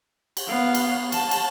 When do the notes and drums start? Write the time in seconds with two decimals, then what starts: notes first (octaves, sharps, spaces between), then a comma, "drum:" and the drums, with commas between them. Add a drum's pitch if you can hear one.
0.37 drum: cymbal
0.47 B3 F5
0.75 drum: cymbal
1.12 A5, drum: cymbal
1.31 drum: cymbal